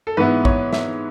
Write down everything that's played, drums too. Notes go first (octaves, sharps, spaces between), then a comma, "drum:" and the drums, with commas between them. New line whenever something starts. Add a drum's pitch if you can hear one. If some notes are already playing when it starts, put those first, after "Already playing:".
A4
G#2 E3 B3 E4 B4
C#5, drum: kick
E5, drum: snare